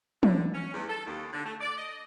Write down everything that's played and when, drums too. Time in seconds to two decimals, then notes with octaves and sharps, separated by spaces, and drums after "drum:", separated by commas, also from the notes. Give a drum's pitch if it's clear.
0.23 D3, drum: tom
0.54 C#4
0.74 E2
0.88 A4
1.06 D#2
1.33 D3
1.45 A3
1.61 D5
1.77 D#5